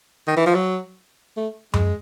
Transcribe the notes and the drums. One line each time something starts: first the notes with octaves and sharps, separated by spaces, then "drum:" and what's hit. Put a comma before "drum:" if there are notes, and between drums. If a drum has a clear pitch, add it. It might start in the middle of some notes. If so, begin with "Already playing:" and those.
D#3
E3
F3
F#3
A3
G#3, drum: tom F#2